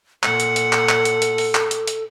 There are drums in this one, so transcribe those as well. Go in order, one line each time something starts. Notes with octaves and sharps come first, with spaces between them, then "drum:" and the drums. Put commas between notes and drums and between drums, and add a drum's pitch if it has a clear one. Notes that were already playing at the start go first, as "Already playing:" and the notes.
A#2 A4 F#5, drum: clap
drum: hi-hat
drum: hi-hat
drum: clap
drum: clap
drum: hi-hat
drum: hi-hat
drum: open hi-hat
drum: clap
drum: hi-hat
drum: hi-hat